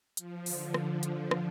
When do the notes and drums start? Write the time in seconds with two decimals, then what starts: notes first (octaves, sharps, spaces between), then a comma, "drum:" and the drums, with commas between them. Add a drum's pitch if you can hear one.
0.17 F3, drum: hi-hat
0.46 D3, drum: open hi-hat
0.74 drum: rim click
1.03 drum: hi-hat
1.31 drum: rim click